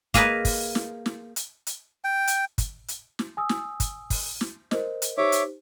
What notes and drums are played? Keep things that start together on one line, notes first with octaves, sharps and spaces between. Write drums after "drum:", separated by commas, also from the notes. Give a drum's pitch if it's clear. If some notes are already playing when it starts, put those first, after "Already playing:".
A#3 G#4 A#4 B4 D#5, drum: kick, hi-hat
drum: kick, open hi-hat
drum: snare
drum: snare
drum: hi-hat
drum: hi-hat
G5
drum: hi-hat
drum: kick, hi-hat
drum: hi-hat
drum: snare
G#5 D#6 E6
drum: snare
drum: kick, hi-hat
drum: kick, open hi-hat
drum: snare
A#4 C5 D#5, drum: snare
drum: hi-hat
D#4 G4 C5 C#5 E5 D6
drum: hi-hat